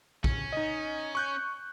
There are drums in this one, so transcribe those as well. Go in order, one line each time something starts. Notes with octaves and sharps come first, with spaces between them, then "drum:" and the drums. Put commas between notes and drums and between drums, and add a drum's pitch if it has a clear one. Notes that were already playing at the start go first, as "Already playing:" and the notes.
C#4, drum: kick A#1
D#4 D#5
C#6 F#6 G6